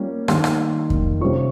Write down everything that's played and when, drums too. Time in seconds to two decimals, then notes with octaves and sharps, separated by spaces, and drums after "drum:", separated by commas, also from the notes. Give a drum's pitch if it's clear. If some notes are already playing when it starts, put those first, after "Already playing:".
Already playing: G3 A#3 C#4 F4
0.28 D#3 G3 A#3 C6, drum: rim click
0.44 drum: rim click
0.90 drum: kick F2
1.21 C3 G3 C#4 F4 C#6